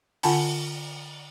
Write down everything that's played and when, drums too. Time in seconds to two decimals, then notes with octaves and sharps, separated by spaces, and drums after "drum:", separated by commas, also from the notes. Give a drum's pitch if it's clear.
0.23 D3 F4 F#5 G#5 A5 B5, drum: open hi-hat